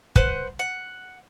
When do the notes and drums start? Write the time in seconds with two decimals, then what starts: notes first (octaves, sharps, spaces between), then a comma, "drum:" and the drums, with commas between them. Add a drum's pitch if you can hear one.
0.16 B4 C5 F#5, drum: kick
0.59 F#5